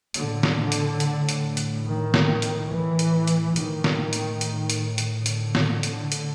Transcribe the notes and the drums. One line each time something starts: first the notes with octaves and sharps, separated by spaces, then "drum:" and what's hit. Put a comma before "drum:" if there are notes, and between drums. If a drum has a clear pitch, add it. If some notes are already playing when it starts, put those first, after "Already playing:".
A2 D3, drum: hi-hat
drum: snare
drum: hi-hat
drum: hi-hat
drum: hi-hat
drum: hi-hat
D#3
drum: snare
drum: hi-hat
E3
drum: hi-hat
drum: hi-hat
A2 D#3, drum: hi-hat
drum: snare
drum: hi-hat
drum: hi-hat
drum: hi-hat
drum: hi-hat
D3, drum: hi-hat
drum: snare
drum: hi-hat
drum: hi-hat